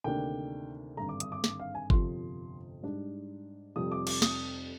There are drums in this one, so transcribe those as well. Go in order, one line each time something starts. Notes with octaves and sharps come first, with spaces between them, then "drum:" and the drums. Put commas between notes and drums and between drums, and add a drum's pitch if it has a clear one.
D2 C3 D#3 A#3 D4 G5
G#1 G2 D3 A#5
D6
D#6, drum: hi-hat
D6
D6, drum: snare
F5
G#5
G1 F2 C3 F3 C6, drum: kick G1
G#2 G3 D4
F1 F2 C3 G3 D#6
D6
D6, drum: cymbal
D#6, drum: snare